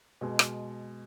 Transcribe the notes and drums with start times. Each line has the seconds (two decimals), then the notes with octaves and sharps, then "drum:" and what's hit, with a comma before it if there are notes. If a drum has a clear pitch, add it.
0.21 B2 G#3
0.39 drum: rim click